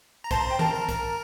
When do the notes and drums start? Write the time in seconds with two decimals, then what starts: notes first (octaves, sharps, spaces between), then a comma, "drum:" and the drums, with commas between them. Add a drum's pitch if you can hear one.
0.24 A#5
0.31 C5 A5 C6, drum: kick, hi-hat
0.40 A#5
0.51 G5
0.59 A#4 A5 A#5, drum: tom D#3
0.74 A#4 A#5
0.89 A#4 A#5, drum: kick, hi-hat